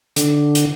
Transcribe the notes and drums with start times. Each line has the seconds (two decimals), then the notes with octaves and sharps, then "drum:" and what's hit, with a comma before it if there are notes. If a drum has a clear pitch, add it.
0.16 D3, drum: hi-hat
0.55 drum: hi-hat